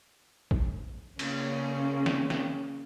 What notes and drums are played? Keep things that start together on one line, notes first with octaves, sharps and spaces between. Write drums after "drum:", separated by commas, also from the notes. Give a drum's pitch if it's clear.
drum: kick
C#3 A#3 C#4, drum: cymbal
drum: snare
drum: snare